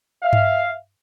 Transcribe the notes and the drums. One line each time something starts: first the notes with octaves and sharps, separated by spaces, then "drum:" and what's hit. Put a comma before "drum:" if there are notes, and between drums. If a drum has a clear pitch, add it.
E5 F5
drum: tom G2